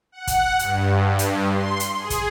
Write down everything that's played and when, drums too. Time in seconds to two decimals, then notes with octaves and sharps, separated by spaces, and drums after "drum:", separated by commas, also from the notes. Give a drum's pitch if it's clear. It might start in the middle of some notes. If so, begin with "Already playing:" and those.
0.12 F#5
0.27 drum: kick, hi-hat
0.59 G2, drum: hi-hat
0.96 G2
1.19 drum: hi-hat
1.52 C6
1.80 drum: hi-hat
1.98 G#4
2.10 drum: kick, hi-hat